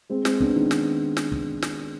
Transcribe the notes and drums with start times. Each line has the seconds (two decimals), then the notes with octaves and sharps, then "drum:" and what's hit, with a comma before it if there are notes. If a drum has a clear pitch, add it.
0.09 G#3 C4
0.25 G#3 C4, drum: snare
0.40 B3 D4, drum: kick
0.56 D#3
0.71 drum: snare
1.17 drum: snare
1.32 drum: kick
1.62 drum: snare